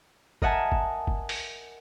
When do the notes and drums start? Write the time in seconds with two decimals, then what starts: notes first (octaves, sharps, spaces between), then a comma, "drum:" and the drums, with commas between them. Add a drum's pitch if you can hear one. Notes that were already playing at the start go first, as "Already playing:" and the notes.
0.42 A#4 D#5 E5 F#5 G#5 A5, drum: kick G#1
0.72 drum: kick G#1
1.07 drum: kick G#1
1.29 drum: open hi-hat